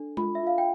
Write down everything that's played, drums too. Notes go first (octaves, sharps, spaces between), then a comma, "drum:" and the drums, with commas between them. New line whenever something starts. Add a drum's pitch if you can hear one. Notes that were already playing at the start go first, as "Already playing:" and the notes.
Already playing: D4 A4
F4 B5, drum: tom G#3
E5
F4 F5
G5